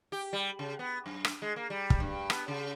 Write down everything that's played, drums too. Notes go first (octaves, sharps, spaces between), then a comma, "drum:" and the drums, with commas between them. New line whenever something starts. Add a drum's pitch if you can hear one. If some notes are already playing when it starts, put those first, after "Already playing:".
G4
G3
C#3
B3
F#2
drum: rim click
G#3
A#3
G3
drum: kick
G2
B3, drum: rim click
C#3